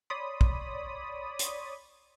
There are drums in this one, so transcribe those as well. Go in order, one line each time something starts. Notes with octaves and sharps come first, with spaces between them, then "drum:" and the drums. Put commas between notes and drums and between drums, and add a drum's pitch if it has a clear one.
C#5 D5 B5 C6 D#6
drum: kick
drum: hi-hat